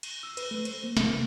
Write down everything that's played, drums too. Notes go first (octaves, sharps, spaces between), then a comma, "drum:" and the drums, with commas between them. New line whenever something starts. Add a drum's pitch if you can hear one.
drum: cymbal
E6
B4, drum: cymbal
A3
C5, drum: cymbal
A#3
C3, drum: snare
A#3